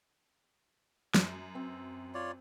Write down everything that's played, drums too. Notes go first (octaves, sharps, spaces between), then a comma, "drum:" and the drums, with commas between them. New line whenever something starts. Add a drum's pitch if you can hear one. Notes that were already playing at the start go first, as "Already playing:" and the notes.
F#2, drum: snare
C4
F4 C#5 D5